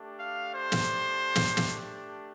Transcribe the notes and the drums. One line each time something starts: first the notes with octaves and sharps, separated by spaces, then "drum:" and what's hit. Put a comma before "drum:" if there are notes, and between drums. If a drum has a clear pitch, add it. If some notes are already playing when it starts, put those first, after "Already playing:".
Already playing: A3 D4 G4
F5
C5
drum: snare
drum: snare
drum: snare